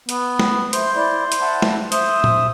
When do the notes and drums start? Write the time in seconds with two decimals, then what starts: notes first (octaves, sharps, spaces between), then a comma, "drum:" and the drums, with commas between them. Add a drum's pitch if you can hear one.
0.09 B3, drum: hi-hat
0.39 drum: snare
0.73 A3 C5, drum: hi-hat
0.96 E4 D5
1.32 drum: hi-hat
1.42 E5 F#5 A5
1.62 drum: snare
1.92 C5 E5 D#6 E6, drum: hi-hat
2.24 drum: tom A#2